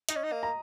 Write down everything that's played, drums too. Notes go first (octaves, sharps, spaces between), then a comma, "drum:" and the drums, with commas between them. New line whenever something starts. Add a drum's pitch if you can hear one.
D#4 D#5, drum: hi-hat
C#4
D#4
A#3
A#5